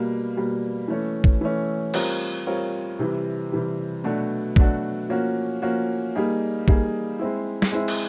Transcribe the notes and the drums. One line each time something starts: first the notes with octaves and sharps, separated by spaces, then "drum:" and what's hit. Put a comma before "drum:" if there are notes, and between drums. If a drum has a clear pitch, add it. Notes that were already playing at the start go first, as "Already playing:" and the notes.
Already playing: B2 G3 A#3
B2 G3 A#3
E3 A3 C#4
drum: kick
E3 A3 C#4
G3 C4 F4 A#4 C#5, drum: cymbal
G3 C4 F4 A#4 C#5
C3 E3 G3
C3 E3 G3
B2 F#3 A3 D4 F#4
B2 F#3 A3 D4 F#4, drum: kick
F3 A#3 C#4 F#4
F3 A#3 C#4 F#4
G3 A#3 D#4 G#4
G3 A#3 D#4 G#4, drum: kick
G#3 C4 E4
drum: snare
G#3 C4 E4
drum: cymbal